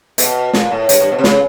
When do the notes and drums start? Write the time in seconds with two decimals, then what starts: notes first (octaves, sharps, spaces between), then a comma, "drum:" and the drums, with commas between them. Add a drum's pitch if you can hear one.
0.18 B2, drum: hi-hat
0.53 A#2, drum: snare
0.71 A2
0.89 G2, drum: hi-hat
1.00 G2
1.12 B2
1.19 C3
1.24 C#3, drum: snare